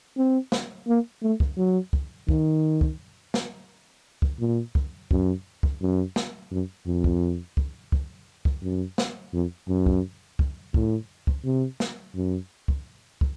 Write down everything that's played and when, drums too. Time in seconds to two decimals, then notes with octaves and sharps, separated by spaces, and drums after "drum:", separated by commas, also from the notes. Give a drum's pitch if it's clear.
0.17 C4
0.52 drum: snare
0.87 A#3
1.22 A3
1.40 drum: kick
1.57 F#3
1.93 drum: kick
2.29 D#3, drum: kick
2.81 drum: kick
3.34 drum: snare
4.22 drum: kick
4.40 A#2
4.75 drum: kick
5.11 F#2, drum: kick
5.63 drum: kick
5.81 F#2
6.16 drum: snare
6.51 F#2
6.86 F2
7.04 drum: kick
7.57 drum: kick
7.92 drum: kick
8.45 drum: kick
8.62 F#2
8.98 drum: snare
9.33 F2
9.69 F#2
9.86 drum: kick
10.39 drum: kick
10.74 A2, drum: kick
11.27 drum: kick
11.45 C3
11.80 drum: snare
12.15 F#2
12.68 drum: kick
13.21 drum: kick